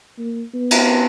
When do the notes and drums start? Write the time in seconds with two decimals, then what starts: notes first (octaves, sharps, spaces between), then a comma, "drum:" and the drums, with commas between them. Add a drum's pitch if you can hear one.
0.18 A#3
0.54 B3
0.71 drum: cymbal